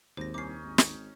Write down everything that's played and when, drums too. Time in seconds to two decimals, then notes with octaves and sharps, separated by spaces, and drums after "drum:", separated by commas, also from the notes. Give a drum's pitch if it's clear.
0.17 G#1 D#2 C5 A#6
0.34 C2 C#4 D#4 D6 C7
0.64 G#1
0.78 drum: snare